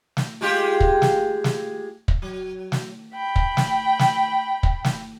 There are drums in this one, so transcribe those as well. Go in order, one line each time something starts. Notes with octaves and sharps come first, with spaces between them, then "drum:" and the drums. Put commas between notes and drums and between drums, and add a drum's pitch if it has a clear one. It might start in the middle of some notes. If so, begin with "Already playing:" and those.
drum: snare
G#3 F4 G4
drum: kick
drum: snare
drum: snare
drum: kick
F#3
drum: snare
G5 B5
drum: kick
drum: snare
drum: snare
drum: kick
drum: snare